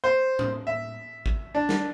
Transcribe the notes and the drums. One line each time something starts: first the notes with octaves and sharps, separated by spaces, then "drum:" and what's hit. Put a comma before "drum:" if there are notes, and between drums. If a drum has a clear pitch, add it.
C5
drum: tom
E5
drum: kick G#1
D4
drum: snare